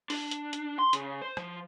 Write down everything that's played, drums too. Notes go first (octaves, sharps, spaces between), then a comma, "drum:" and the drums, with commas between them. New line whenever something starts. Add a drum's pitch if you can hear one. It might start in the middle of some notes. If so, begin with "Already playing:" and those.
D4, drum: open hi-hat
drum: hi-hat
drum: hi-hat
C6
C#3, drum: hi-hat
C5
F3, drum: rim click